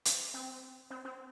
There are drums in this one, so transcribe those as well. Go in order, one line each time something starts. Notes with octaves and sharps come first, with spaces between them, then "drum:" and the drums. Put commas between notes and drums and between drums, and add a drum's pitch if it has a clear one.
drum: hi-hat
C4
C4
C4